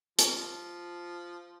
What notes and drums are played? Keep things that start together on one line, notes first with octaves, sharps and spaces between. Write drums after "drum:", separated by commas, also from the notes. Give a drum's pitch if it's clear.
F3, drum: hi-hat